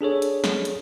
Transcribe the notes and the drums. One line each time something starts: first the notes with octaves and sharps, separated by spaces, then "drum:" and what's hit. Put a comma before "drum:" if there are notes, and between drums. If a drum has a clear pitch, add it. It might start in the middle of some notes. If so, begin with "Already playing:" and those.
D4 G#4 A4 C#5
drum: hi-hat
drum: snare
drum: hi-hat